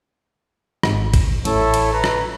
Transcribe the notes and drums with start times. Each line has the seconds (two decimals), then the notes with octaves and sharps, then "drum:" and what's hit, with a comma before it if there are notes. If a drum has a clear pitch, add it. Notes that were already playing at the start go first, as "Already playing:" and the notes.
0.83 G#1, drum: rim click
1.14 drum: kick A1, cymbal
1.45 A1 E4 A4 C#5, drum: cymbal
1.74 drum: cymbal
1.93 B4 A#5
2.04 drum: rim click